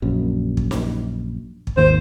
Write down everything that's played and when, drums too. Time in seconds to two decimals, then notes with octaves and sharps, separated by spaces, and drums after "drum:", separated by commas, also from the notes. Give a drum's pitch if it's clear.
0.02 A#1 F#2
0.57 drum: kick
0.71 drum: snare
1.67 drum: kick
1.77 G#1 D#2 A#3 C5